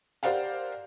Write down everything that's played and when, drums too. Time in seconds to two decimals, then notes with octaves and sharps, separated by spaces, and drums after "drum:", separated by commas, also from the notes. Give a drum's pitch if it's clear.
0.23 G4 A#4 C5 D5 F5 F#5, drum: hi-hat